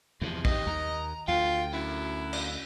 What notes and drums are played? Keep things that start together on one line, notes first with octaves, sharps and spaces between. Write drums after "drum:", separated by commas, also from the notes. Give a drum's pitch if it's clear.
E2 C3 E3 F3
D#4 G4 D#5, drum: kick
D#2 A#5
D2 F4 G5
C#4 E4 F#4
drum: cymbal